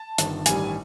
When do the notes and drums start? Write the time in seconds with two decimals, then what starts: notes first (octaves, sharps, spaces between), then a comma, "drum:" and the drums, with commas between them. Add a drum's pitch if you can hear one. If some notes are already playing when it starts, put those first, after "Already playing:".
Already playing: A5
0.18 G1 G2 D#3, drum: hi-hat
0.46 A1 G2 D#3 G3 G#5, drum: hi-hat